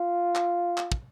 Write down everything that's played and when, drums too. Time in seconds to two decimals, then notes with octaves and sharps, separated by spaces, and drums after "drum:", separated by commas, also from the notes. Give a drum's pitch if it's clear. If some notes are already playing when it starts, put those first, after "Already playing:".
Already playing: F4
0.35 drum: clap
0.77 drum: clap
0.92 drum: kick